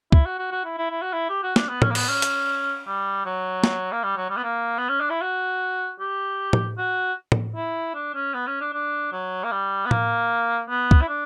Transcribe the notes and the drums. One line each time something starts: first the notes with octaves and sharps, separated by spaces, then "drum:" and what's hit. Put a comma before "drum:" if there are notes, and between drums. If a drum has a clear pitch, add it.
E4, drum: kick
F#4
F#4
F#4
E4
E4
E4
F#4
E4
G4
F#4
D4, drum: snare
B3
C#4, drum: tom A2
A#3
B3, drum: cymbal
C#4
drum: hi-hat
G3
F#3
drum: snare
A#3
G3
F#3
G3
B3
A#3
B3
C#4
D4
E4
F#4
G4
drum: tom A2
F#4
drum: tom A2
E4
D4
C#4
B3
C#4
D4
D4
F#3
A#3
G3
B3
A#3, drum: tom A2
B3
drum: kick
E4
D4